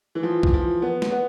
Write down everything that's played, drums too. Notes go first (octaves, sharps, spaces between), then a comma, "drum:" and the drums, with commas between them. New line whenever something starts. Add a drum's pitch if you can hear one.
E3
F3
drum: kick B1
F3
B3
drum: snare
B3